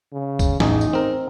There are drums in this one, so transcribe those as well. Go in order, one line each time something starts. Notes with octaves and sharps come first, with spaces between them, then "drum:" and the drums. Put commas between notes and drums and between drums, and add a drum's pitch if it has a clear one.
C#3
drum: kick B1, tambourine
A1 E2 D#4 G#4, drum: snare
drum: tambourine
C4 A#4